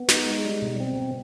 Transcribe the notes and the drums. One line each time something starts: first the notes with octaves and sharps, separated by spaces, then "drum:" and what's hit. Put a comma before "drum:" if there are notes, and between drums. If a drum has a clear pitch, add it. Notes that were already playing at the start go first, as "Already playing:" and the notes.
Already playing: B3
D#4, drum: snare
G#3
G3
B2
C4
B2